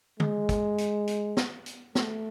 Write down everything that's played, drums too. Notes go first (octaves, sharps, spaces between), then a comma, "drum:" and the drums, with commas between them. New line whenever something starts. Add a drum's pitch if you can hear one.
G#3, drum: tom
drum: kick, hi-hat
drum: hi-hat
drum: hi-hat
drum: snare
drum: hi-hat
A3, drum: snare